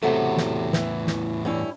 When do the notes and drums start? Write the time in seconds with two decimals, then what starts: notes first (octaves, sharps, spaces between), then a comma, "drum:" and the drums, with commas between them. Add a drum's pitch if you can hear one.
0.03 E2 A2 C3 F#3 A3
0.37 drum: snare
0.73 E3, drum: snare
1.07 drum: snare
1.45 G2 C#4 E4